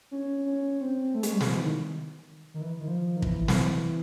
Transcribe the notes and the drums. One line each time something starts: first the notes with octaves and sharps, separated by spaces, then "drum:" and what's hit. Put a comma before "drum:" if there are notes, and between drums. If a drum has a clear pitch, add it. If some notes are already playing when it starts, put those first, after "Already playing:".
C#4
C#4
C4
A3
G#3, drum: hi-hat
G3
F#3, drum: snare
E3
D#3
D#3
E3
D#3
F3
D#3
E3, drum: kick
drum: snare